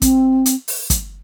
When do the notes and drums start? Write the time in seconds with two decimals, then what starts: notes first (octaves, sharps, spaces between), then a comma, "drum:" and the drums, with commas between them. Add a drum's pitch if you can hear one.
0.02 C4, drum: kick, hi-hat
0.46 drum: hi-hat
0.68 drum: open hi-hat
0.90 drum: kick, hi-hat